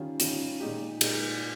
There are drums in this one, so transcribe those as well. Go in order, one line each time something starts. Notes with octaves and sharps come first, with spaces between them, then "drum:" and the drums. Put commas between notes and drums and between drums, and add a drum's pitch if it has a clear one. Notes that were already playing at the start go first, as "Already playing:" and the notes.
Already playing: D#3 G3 C#4 F4
D#3 G3 C#4 F4, drum: hi-hat
A#2 G#3 D#4 G4
A#2 G#3 D#4 G4, drum: cymbal